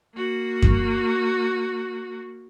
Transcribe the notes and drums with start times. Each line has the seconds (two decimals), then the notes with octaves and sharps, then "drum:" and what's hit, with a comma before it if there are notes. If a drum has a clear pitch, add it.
0.15 A#3 F#4
0.62 drum: kick F#2